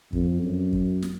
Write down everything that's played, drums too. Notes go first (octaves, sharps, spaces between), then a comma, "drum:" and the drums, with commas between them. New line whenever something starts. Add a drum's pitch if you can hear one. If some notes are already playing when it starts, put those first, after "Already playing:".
F2, drum: kick
F#2
drum: kick
drum: snare